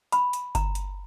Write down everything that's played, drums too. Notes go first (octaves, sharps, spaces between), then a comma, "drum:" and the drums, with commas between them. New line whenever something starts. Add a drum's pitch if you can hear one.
B5, drum: hi-hat
drum: hi-hat
A#5, drum: kick G1, hi-hat
drum: hi-hat